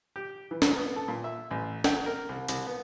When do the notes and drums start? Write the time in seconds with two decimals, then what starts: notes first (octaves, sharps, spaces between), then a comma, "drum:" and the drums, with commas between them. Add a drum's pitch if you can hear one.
0.16 G4
0.51 E3
0.62 drum: snare
0.77 B3
0.96 A4
1.08 A#2
1.24 E5
1.51 A1
1.84 G5, drum: snare
2.06 A#4
2.29 C2
2.48 C2, drum: hi-hat
2.67 B3